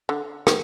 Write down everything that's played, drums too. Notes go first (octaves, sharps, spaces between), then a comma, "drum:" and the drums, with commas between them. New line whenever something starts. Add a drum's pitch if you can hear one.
D3
D#3, drum: rim click